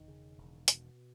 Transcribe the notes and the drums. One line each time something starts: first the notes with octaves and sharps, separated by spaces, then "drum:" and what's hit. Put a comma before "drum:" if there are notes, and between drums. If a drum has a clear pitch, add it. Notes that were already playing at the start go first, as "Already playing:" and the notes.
Already playing: E1 D#3
C#3
E1
B2, drum: hi-hat